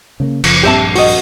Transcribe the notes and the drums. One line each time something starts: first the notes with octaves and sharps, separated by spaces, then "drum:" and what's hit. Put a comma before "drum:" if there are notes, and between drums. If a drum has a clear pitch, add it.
C#3 A3 A#3
F#1 C#3 F3, drum: cymbal
A#1 G2 C4 G4 E5 A5
F#4 D#5, drum: open hi-hat